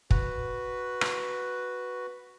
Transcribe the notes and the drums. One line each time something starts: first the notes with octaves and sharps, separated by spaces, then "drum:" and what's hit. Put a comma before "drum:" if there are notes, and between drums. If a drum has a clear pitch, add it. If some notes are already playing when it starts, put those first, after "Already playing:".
F#4 B4, drum: kick
drum: rim click